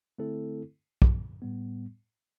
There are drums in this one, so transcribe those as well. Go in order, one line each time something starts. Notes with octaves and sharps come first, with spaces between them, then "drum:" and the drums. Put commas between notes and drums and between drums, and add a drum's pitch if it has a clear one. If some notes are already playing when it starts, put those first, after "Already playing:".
D3 A3 C4 E4 A4
drum: kick
A2 G3 B3